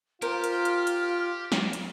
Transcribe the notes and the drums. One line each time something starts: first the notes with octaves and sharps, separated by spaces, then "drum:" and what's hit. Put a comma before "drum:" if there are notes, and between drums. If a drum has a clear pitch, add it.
F4 G4 A#4 C5 F6, drum: hi-hat
drum: hi-hat
drum: hi-hat
drum: hi-hat
drum: snare
drum: hi-hat